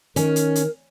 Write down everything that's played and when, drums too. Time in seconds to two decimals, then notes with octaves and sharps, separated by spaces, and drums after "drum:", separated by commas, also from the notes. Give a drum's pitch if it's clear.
0.16 D#3 C#4 A#4, drum: hi-hat
0.36 drum: hi-hat
0.56 drum: hi-hat